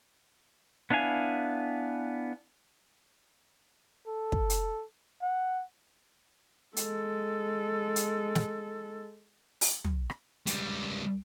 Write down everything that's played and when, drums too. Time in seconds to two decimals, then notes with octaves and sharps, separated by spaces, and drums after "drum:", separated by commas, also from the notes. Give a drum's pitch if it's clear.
0.90 B3 D4 E4 F5 G#5
4.07 A4
4.32 drum: kick
4.50 drum: hi-hat
5.22 F#5
6.76 G#3 A4, drum: hi-hat
7.96 drum: hi-hat
8.35 drum: snare
9.61 drum: open hi-hat
9.84 drum: tom
10.10 drum: rim click
10.47 C#2 G3, drum: hi-hat